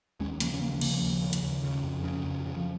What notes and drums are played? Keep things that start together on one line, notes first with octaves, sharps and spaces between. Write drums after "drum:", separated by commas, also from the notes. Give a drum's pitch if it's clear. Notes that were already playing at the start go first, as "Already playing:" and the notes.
D#2 G#3 C#4
C#3 F3 A#3, drum: hi-hat
C#4
D#2 F3 A#3
C#3 F3 A#3, drum: cymbal
D#2
C#3
drum: hi-hat
D#2
C#3
F2
C#3
F2
C#3
F3